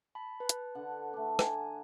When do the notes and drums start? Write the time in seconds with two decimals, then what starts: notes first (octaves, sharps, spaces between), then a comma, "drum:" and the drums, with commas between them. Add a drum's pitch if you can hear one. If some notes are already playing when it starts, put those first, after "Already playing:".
0.15 A5 B5
0.40 B4 A5
0.49 drum: hi-hat
0.75 D3 F#5
1.13 A3 D4
1.39 G#5 A#5, drum: rim click